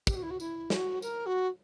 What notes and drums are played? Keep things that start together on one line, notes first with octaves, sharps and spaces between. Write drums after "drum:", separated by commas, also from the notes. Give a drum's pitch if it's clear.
G4, drum: kick, tambourine
F#4
E4
F#4
E4, drum: tambourine
F#4, drum: snare
A#4, drum: tambourine
F#4